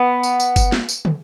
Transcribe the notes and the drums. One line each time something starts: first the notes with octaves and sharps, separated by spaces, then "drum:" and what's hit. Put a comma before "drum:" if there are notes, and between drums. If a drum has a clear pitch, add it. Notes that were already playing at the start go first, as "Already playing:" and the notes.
Already playing: B3
drum: tambourine
drum: tambourine
drum: kick G1, tambourine
drum: snare
drum: tambourine
drum: tom